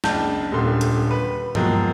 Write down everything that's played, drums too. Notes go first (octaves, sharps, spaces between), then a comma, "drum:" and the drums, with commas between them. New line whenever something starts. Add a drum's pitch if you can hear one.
F#1 C#2 D4 A5 G6, drum: snare
D#1 C#2 A#2 D3 C6
drum: hi-hat
B4
D#2 B2 F3 F#3 G#3 A#3, drum: tom G2